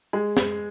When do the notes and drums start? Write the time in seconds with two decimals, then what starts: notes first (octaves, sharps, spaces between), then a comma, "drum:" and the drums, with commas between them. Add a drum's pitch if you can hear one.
0.13 G#3
0.37 drum: snare